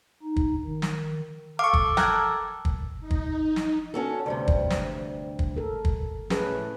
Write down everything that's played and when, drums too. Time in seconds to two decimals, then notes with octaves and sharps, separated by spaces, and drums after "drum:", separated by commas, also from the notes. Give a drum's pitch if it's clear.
0.22 D#4
0.36 drum: kick
0.64 D#3
0.82 drum: snare
1.59 A4 F5 C#6 D6
1.73 drum: kick
1.97 A#4 G5 F#6 G#6, drum: snare
2.65 drum: kick
3.00 D#4
3.11 drum: kick
3.56 drum: snare
3.94 C#4 F#4 A4
4.26 D2 G2 C3
4.48 drum: kick
4.70 drum: snare
5.39 drum: kick
5.57 A4 A#4
5.85 drum: kick
6.30 A2 C#4 G#4 B4, drum: snare